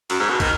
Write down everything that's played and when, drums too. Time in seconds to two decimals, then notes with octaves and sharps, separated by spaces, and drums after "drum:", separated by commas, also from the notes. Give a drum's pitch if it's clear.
0.10 F#2, drum: cymbal
0.20 G#2
0.29 B2
0.40 D#3, drum: kick, cymbal